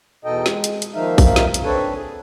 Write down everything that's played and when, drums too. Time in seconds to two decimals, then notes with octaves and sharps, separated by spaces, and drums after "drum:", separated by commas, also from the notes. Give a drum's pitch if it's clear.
0.25 E2 B2 D#4 A4 D#5 G5
0.46 G#3, drum: snare
0.64 drum: hi-hat
0.82 drum: hi-hat
0.94 D#3 F3 A#3 D#4 E5 F5
1.18 drum: kick A1, open hi-hat
1.36 drum: snare
1.54 drum: hi-hat
1.64 C4 D4 A4 B4 C#5
1.95 G#4